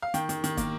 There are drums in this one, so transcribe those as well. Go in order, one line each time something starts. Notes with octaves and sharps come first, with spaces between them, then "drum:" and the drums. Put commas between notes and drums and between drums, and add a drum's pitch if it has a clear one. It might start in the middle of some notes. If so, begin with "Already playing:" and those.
F5
D#3 G5, drum: hi-hat
D#3, drum: hi-hat
D#3, drum: hi-hat
A#3, drum: kick, hi-hat